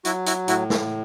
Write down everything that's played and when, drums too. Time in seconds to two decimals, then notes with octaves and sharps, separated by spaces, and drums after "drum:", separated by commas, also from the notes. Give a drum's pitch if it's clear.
0.05 F#3 E4 F#4, drum: hi-hat
0.26 E4 F#4, drum: hi-hat
0.48 A2 E4 F#4, drum: hi-hat
0.70 drum: snare